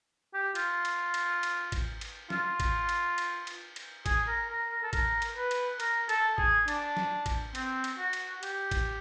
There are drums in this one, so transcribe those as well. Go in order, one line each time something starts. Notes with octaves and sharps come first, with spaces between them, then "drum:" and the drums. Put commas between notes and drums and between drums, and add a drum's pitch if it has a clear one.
G4
F4, drum: cymbal
drum: cymbal
drum: cymbal
drum: cymbal
drum: kick G#1, cymbal
drum: cymbal
F4, drum: snare
drum: kick G#1, cymbal
drum: cymbal
drum: cymbal
drum: cymbal
drum: cymbal
G#4, drum: kick G#1, cymbal
A#4
A#4
A#4
A4
A#4, drum: kick G#1, cymbal
drum: cymbal
B4
drum: cymbal
A#4, drum: cymbal
A4, drum: cymbal
G#4, drum: kick G#1
D4, drum: cymbal
drum: snare
drum: kick G#1, cymbal
C4, drum: cymbal
drum: cymbal
F#4
drum: cymbal
G4, drum: cymbal
drum: kick G#1, cymbal